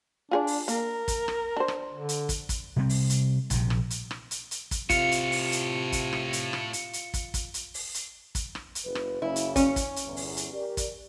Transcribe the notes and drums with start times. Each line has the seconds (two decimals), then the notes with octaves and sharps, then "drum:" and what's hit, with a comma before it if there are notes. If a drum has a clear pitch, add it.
0.31 D4 F4 G#4 D5
0.47 drum: open hi-hat
0.68 A#3 A#4, drum: hi-hat
1.08 drum: kick, hi-hat
1.28 drum: rim click
1.57 D4 C5
1.68 drum: rim click
1.93 D3
2.09 drum: hi-hat
2.29 drum: kick, hi-hat
2.49 drum: kick, hi-hat
2.76 C3 G3 C4
2.89 drum: open hi-hat
3.10 drum: hi-hat
3.50 A#1 C3, drum: kick, hi-hat
3.70 drum: rim click
3.90 drum: hi-hat
4.11 drum: rim click
4.31 drum: hi-hat
4.51 drum: hi-hat
4.71 drum: kick, hi-hat
4.90 A2 C3 F4 F5 C#7, drum: kick, hi-hat
5.12 drum: hi-hat
5.32 drum: open hi-hat
5.52 drum: hi-hat
5.92 drum: kick, hi-hat
6.13 drum: rim click
6.33 drum: hi-hat
6.53 drum: rim click
6.73 drum: hi-hat
6.93 drum: hi-hat
7.14 drum: kick, hi-hat
7.34 drum: kick, hi-hat
7.54 drum: hi-hat
7.74 drum: open hi-hat
7.94 drum: hi-hat
8.35 drum: kick, hi-hat
8.55 drum: rim click
8.75 drum: hi-hat
8.85 F#1 B4
8.95 drum: rim click
9.22 F#1 C#3 E4
9.36 drum: hi-hat
9.56 C#4, drum: kick, hi-hat
9.76 drum: kick, hi-hat
9.96 drum: hi-hat
10.07 G1 E2
10.17 drum: open hi-hat
10.37 drum: hi-hat
10.53 G4 A#4 D5
10.77 drum: kick, hi-hat